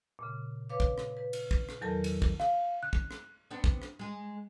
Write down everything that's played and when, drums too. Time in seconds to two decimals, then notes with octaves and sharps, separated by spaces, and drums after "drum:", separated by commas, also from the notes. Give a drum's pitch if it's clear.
0.19 A#2 C#3
0.70 B4 C#5 F5 D6
0.80 drum: kick
0.98 drum: rim click
1.17 B4
1.33 drum: cymbal
1.51 drum: kick
1.69 drum: rim click
1.81 E2 D#3 F#3 A4 A#4 A5
2.04 drum: cymbal
2.22 drum: kick
2.40 F5, drum: rim click
2.83 F#6
2.93 drum: kick
3.11 drum: rim click
3.51 B3 C4 D4
3.64 drum: kick
3.82 drum: rim click
3.99 G#3 G#4